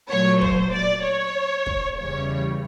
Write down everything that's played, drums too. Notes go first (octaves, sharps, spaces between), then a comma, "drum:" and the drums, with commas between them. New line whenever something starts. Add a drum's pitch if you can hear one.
A#2 F#3 A3 C#5
C5, drum: kick
D5
C#5
drum: kick
E2 C#3 E3 G3 C#5